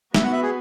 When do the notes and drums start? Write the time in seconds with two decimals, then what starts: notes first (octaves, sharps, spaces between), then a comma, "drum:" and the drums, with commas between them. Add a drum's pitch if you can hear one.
0.14 B3 F#4 B4 E5, drum: snare
0.24 F#5
0.33 E5
0.42 G#4